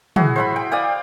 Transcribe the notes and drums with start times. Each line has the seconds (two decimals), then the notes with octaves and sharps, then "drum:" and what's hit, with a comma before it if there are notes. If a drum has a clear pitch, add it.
0.16 E4 F#4 G#4, drum: tom
0.36 C5 E5 B5
0.56 G5
0.71 D5 F5 G5 D#6